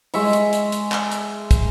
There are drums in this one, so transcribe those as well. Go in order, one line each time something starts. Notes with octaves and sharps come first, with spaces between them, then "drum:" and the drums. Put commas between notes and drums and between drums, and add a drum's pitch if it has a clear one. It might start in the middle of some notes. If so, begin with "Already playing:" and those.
G#3 E5 C#6, drum: open hi-hat
drum: hi-hat
drum: hi-hat
drum: hi-hat
drum: clap
drum: hi-hat
drum: kick, hi-hat